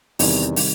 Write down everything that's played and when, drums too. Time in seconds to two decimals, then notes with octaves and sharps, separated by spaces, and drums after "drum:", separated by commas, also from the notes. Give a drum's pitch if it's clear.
0.19 E2 C3 D#3 G3, drum: open hi-hat
0.56 C3 D#3 G3, drum: open hi-hat